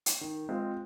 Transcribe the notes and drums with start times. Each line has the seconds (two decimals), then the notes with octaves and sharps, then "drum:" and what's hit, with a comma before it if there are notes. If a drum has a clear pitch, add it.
0.06 drum: hi-hat
0.21 D#3
0.49 G#3 C4 F4